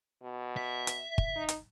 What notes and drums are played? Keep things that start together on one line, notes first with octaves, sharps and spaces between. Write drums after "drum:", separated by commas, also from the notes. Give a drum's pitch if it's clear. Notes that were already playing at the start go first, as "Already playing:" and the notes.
B2
E5
drum: hi-hat
drum: kick
D#4
drum: hi-hat